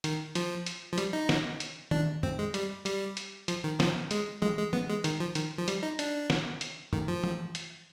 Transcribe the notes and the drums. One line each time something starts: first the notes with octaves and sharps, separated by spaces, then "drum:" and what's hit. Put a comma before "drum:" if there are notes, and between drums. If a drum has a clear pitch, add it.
D#3, drum: hi-hat
F3, drum: hi-hat
drum: hi-hat
F3
G3, drum: hi-hat
D#4
drum: snare
drum: hi-hat
D4, drum: tom
C4, drum: tom F#2
G#3
G3, drum: hi-hat
G3, drum: hi-hat
drum: hi-hat
F3, drum: hi-hat
D#3
F3, drum: snare
G#3, drum: hi-hat
G#3, drum: tom E3
G#3
B3, drum: tom E3
G#3
D#3, drum: hi-hat
F3
D#3, drum: hi-hat
F3
G3, drum: hi-hat
D#4
D4, drum: hi-hat
drum: snare
drum: hi-hat
D#3, drum: tom F#2
F3
drum: tom E3
drum: hi-hat